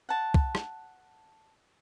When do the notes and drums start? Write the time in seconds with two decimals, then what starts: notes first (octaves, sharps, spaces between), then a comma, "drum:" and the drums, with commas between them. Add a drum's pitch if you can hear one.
0.09 F#5 A5
0.34 drum: kick
0.55 drum: rim click